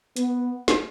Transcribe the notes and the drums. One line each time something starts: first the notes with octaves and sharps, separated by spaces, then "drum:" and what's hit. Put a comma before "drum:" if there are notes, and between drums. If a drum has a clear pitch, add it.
B3, drum: hi-hat
drum: snare